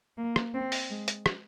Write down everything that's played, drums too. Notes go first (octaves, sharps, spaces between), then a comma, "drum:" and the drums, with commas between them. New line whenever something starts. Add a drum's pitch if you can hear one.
A#3
drum: rim click
C4
drum: open hi-hat
G#3
drum: hi-hat
drum: rim click